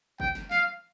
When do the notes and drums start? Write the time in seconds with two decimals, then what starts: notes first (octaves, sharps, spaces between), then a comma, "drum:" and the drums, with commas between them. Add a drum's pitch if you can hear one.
0.20 G5, drum: kick
0.35 drum: snare
0.51 F5, drum: snare